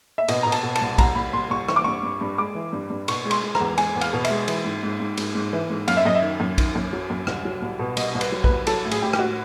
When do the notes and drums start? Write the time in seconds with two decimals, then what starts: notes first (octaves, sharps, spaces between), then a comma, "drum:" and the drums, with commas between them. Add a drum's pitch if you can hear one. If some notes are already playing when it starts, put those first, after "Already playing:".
0.18 E5
0.28 B2 D#5, drum: cymbal
0.43 B2 A#5
0.52 A5, drum: cymbal
0.63 B2
0.75 A5, drum: cymbal
0.81 C2
0.98 C2 A#5, drum: kick A#1, cymbal
1.15 C2 B5
1.33 C2 C6
1.50 C2 C#6
1.68 E3 C#6, drum: rim click
1.76 D6
1.84 G2 C#6
2.03 G2
2.21 G2
2.38 G#3 D6
2.55 E3
2.73 G2
2.90 G2
3.08 B2 C#6, drum: cymbal
3.25 G#3
3.31 C6, drum: cymbal
3.42 G#3
3.55 A#5, drum: rim click
3.60 E2
3.78 G#3 G#5, drum: cymbal
3.95 E2
4.01 F5, drum: cymbal
4.13 B2
4.25 E5, drum: cymbal
4.30 G#3
4.48 E3, drum: cymbal
4.65 G#2
4.83 G#2
5.00 G#2
5.17 G#2, drum: cymbal
5.35 G#2
5.53 E3
5.70 G#2
5.88 F#2 F5, drum: cymbal
5.97 E5
6.05 F#2 D#5
6.15 E5
6.22 D#3
6.40 F#2
6.58 D#3, drum: kick A#1, cymbal
6.75 F#2
6.93 F#3
7.10 F#2
7.27 C2, drum: rim click
7.45 F#3
7.62 C2
7.79 B2
7.97 C2 D#5, drum: cymbal
8.15 C2
8.21 B4, drum: cymbal
8.32 F#3
8.44 B4, drum: kick A#1
8.49 C2
8.67 F#3 A4, drum: cymbal
8.85 A2
8.91 G#4, drum: cymbal
9.02 A2 G4
9.13 G4, drum: rim click
9.19 A2 F#4